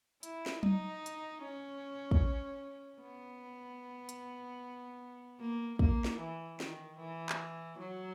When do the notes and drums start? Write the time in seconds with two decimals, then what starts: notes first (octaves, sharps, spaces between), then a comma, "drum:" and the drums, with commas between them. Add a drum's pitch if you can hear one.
0.23 E4, drum: hi-hat
0.46 drum: snare
0.63 D#4, drum: tom F#3
1.06 drum: hi-hat
1.42 C#4
2.11 drum: kick
3.01 B3
4.09 drum: hi-hat
5.40 A#3
5.79 A#3, drum: kick
6.05 drum: snare
6.20 E3
6.60 D#3, drum: snare
6.99 E3
7.29 drum: clap
7.79 F#3